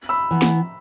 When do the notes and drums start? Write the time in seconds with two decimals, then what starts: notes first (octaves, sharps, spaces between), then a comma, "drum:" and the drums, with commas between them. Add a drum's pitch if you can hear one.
0.09 B5 E6
0.31 E3 B3
0.42 drum: snare